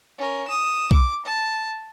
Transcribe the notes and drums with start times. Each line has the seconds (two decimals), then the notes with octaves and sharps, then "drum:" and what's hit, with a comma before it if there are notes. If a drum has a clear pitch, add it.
0.18 C#4 A#4
0.47 D#6 E7
0.91 D6, drum: kick B1
1.25 A5